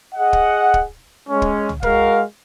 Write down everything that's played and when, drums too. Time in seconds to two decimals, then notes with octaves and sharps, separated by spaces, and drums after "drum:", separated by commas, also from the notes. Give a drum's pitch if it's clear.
0.15 G#4 D#5 F#5
0.33 drum: kick
0.74 drum: kick
1.29 G#3 C#4
1.42 drum: kick
1.69 drum: tom
1.83 G#3 F#4 A#4 F5, drum: kick